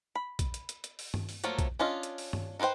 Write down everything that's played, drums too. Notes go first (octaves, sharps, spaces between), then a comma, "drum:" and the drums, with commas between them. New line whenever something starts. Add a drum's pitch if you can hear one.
B5
drum: kick A#1, hi-hat
drum: hi-hat
drum: hi-hat
drum: hi-hat
drum: open hi-hat
drum: tom G2
drum: open hi-hat
F3 F#3 A3 A#3, drum: hi-hat
drum: kick A#1, hi-hat
C#4 D4 F4 D#5
drum: hi-hat
drum: open hi-hat
drum: tom G2
D#4 E4 B4 C5 G5